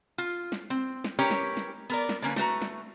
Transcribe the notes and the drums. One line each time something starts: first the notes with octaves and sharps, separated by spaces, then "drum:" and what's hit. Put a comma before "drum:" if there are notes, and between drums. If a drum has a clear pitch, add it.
F4
drum: snare
C4
drum: snare
C#4 G4 A#4 B4 C#5
drum: snare
drum: snare
B3 A#4 D5
drum: snare
D3 A#3 C#4 B4
A3 F#4 B4 A#5, drum: snare
drum: snare